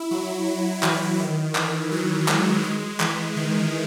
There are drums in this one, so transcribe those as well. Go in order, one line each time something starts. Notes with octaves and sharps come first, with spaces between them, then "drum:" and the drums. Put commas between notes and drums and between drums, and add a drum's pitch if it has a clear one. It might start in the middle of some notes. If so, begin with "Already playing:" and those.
Already playing: E4
F#3
F#3
E3, drum: clap
D#3
E3, drum: clap
F#3
G#3, drum: clap
G#3
E3, drum: clap
D#3